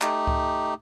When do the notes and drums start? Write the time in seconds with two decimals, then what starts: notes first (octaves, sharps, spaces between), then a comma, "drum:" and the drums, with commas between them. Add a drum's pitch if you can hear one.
0.02 A3 D#4 G4, drum: clap
0.27 drum: kick C#2